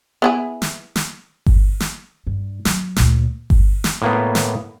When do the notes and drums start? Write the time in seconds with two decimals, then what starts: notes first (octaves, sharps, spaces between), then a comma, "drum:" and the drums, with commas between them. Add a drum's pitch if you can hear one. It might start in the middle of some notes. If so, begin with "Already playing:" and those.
0.22 B3 E4 G#4
0.62 drum: snare
0.96 drum: snare
1.46 drum: kick G1
1.80 drum: snare
2.27 G2
2.65 F#3, drum: snare
2.96 D2 A#2, drum: snare
3.50 drum: kick G1
3.84 drum: snare
4.02 A2 A#3 B3
4.35 drum: snare